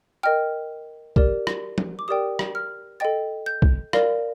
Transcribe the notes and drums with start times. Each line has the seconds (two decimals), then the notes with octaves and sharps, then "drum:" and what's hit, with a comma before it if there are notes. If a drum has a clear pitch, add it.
0.23 A#4 D#5 G5 F6
1.16 G4 A#4 D5, drum: kick
1.47 drum: rim click
1.78 drum: tom F3
1.99 D6
2.08 G4 A#4 D5 G5 D#6
2.39 drum: rim click
2.55 F6
3.00 A4 D#5 G5 A6
3.46 G6
3.62 drum: kick
3.93 A#4 D5 F5, drum: rim click